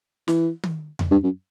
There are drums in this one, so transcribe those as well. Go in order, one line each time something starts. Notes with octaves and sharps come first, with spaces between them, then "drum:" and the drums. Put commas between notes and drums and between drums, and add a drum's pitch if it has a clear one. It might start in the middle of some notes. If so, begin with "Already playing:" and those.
E3, drum: snare
drum: tom D#3
drum: tom E2
G2
F#2